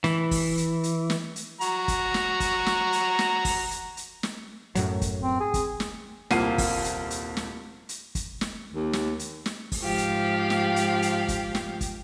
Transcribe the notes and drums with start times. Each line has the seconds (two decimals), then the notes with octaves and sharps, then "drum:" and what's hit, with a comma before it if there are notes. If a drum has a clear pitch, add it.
0.04 E3, drum: snare
0.31 drum: kick, open hi-hat
0.57 drum: hi-hat
0.84 drum: hi-hat
1.10 drum: snare
1.36 drum: hi-hat
1.61 F#4 A#5, drum: hi-hat
1.88 drum: kick, hi-hat
2.14 drum: snare
2.40 drum: kick, hi-hat
2.66 drum: snare
2.93 drum: hi-hat
3.19 drum: snare
3.45 drum: kick, open hi-hat
3.71 drum: hi-hat
3.97 drum: hi-hat
4.23 drum: snare
4.75 F#2 A2 F#3, drum: hi-hat
5.01 drum: kick, hi-hat
5.22 C4
5.40 G#4
5.54 drum: kick, hi-hat
5.80 drum: snare
6.30 D#1 C2 A#3 F4 C7 D#7, drum: snare
6.58 drum: kick, open hi-hat
6.84 drum: hi-hat
7.10 drum: hi-hat
7.37 drum: snare
7.89 drum: hi-hat
8.15 drum: kick, hi-hat
8.41 drum: snare
8.73 D#2
8.93 drum: snare
9.19 drum: hi-hat
9.46 drum: snare
9.72 drum: kick, open hi-hat
9.82 G#2 F3 G4 F5
9.98 drum: hi-hat
10.50 drum: snare
10.76 drum: hi-hat
11.02 drum: hi-hat
11.28 drum: kick, hi-hat
11.55 drum: snare
11.81 drum: kick, hi-hat